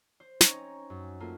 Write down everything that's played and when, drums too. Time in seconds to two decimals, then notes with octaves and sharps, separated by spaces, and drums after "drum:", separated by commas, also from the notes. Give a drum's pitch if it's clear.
0.20 C5
0.41 C4 C#4 D#4 C#5 A#5, drum: snare
0.90 F#2
1.20 A3 A#3 F4